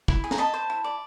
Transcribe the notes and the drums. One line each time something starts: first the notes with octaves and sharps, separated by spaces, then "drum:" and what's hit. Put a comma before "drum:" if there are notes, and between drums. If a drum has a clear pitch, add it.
E4, drum: kick
G#4
A#5, drum: snare
D#5 A5 B5
C5
E4
D5